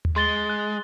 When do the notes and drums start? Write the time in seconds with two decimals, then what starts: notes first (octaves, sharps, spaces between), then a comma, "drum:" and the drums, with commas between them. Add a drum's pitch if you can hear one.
0.05 drum: tom D#2
0.16 G#3 C6 A6 G7
0.49 F#6